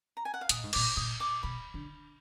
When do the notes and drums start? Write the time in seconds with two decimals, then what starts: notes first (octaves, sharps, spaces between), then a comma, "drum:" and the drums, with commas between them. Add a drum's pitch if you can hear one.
0.17 A#5
0.25 G#5
0.34 F#5
0.41 F5
0.49 A#2 D#5, drum: hi-hat
0.63 G#2
0.73 A#2 D6, drum: cymbal
0.97 A#2 D#6
1.20 D6
1.43 B2 B5
1.74 D3